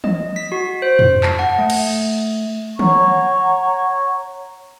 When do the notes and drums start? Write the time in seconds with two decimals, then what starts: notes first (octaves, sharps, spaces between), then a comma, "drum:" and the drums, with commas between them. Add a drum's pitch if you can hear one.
0.04 D#5, drum: tom E3
0.36 B6
0.52 F#4
0.82 C5
0.99 drum: tom F2
1.23 A5, drum: clap
1.39 F#5
1.58 A3
1.70 drum: cymbal
2.79 C#5 F#5 A#5 C#6, drum: tom D#3